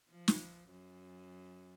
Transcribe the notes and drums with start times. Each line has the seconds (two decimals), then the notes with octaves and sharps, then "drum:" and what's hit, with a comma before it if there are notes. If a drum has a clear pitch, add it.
0.10 F3
0.28 drum: snare
0.71 F#2